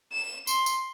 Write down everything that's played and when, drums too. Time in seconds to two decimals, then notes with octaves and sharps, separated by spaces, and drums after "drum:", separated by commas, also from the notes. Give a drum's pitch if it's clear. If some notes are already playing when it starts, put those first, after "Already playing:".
0.13 E7
0.47 C6, drum: tambourine
0.66 drum: tambourine